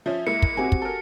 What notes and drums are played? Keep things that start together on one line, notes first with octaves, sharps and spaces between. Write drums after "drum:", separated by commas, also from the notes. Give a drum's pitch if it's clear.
F3 C#4 E5
G#3 A#3 E4 C#7
drum: kick
C4 F#4 G4 G#5
drum: kick
A4 A#4